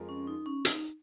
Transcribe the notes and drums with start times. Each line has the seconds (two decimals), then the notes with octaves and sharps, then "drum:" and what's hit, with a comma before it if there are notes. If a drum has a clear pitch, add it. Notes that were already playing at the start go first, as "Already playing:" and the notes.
Already playing: F2 F3 G#3 F4 A#4
0.09 C#4
0.27 D#4
0.46 C#4
0.65 D#4, drum: hi-hat